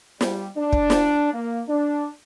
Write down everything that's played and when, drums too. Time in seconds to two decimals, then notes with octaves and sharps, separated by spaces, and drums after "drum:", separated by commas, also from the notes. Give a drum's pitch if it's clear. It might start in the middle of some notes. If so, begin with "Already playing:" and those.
0.21 G3, drum: snare
0.57 D4
0.73 drum: kick
0.90 drum: snare
1.33 A#3
1.68 D4